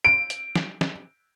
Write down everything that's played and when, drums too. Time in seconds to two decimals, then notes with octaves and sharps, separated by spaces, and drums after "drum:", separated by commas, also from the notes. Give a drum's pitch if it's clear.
0.05 D7
0.30 drum: hi-hat
0.56 drum: snare
0.81 drum: snare